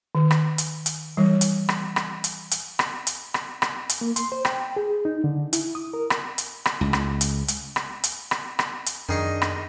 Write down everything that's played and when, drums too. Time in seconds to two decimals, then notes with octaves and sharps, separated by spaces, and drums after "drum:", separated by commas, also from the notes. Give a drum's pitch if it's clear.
0.15 D#3
0.31 drum: rim click
0.58 drum: hi-hat
0.86 drum: hi-hat
1.17 E3 G3
1.41 drum: hi-hat
1.69 drum: rim click
1.96 drum: rim click
2.24 drum: hi-hat
2.51 drum: hi-hat
2.79 drum: rim click
3.07 drum: hi-hat
3.34 drum: rim click
3.62 drum: rim click
3.89 drum: hi-hat
4.01 A#3
4.16 C6, drum: hi-hat
4.32 C5
4.45 G5, drum: rim click
4.76 G#4
5.05 D#4
5.24 D3
5.53 E4, drum: hi-hat
5.75 D#6
5.94 A#4
6.10 drum: rim click
6.38 drum: hi-hat
6.66 drum: rim click
6.81 C#2
6.93 drum: rim click
7.21 drum: hi-hat
7.48 drum: hi-hat
7.76 drum: rim click
8.04 drum: hi-hat
8.31 drum: rim click
8.59 drum: rim click
8.86 drum: hi-hat
9.09 F#2 D#3 D4 G#4 D#5 C#6
9.42 drum: rim click